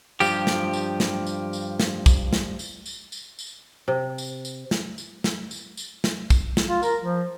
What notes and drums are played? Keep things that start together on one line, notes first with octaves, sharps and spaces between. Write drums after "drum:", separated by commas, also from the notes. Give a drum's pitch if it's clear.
G2 F3 G4, drum: tambourine
drum: snare
drum: tambourine
drum: snare
drum: tambourine
drum: tambourine
drum: snare
drum: kick, tambourine
drum: snare
drum: tambourine
drum: tambourine
drum: tambourine
drum: tambourine
C3
drum: tambourine
drum: tambourine
drum: snare
drum: tambourine
drum: snare
drum: tambourine
drum: tambourine
drum: snare
drum: kick, tambourine
drum: snare
F4
A#4, drum: tambourine
F3